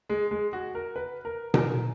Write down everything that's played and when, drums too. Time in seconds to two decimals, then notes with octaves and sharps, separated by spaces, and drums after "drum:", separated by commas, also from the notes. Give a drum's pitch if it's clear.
0.10 G#3
0.31 G#3
0.53 F#4
0.75 A#4
0.96 B4
1.25 A#4
1.54 A#4, drum: tom B2